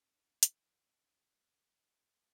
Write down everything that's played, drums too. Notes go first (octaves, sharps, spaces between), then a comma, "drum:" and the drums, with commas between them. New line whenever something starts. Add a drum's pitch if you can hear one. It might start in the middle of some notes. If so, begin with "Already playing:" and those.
Already playing: C4 C#4 D#4
D#4
D#4, drum: hi-hat
D#4
C#4
C#4